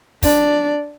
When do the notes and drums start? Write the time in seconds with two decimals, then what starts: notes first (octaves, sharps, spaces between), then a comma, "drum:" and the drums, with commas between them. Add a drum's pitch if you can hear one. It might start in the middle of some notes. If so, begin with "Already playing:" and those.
0.23 D4 D5, drum: kick, open hi-hat